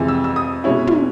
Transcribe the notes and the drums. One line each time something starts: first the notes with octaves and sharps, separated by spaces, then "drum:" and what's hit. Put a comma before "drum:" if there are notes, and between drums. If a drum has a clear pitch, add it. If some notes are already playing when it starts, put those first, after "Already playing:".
Already playing: F2 C3 E3 G#3
E6
E6
D#6
B2 G#3 C#4 E4
drum: tom